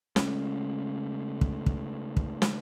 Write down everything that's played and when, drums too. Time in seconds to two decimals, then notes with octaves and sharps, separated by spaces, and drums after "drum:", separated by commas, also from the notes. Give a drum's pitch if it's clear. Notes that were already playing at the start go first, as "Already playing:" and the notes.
0.16 C#3 G#3 A3 C#4, drum: snare
1.41 drum: kick
1.66 drum: kick
2.17 drum: kick
2.42 drum: snare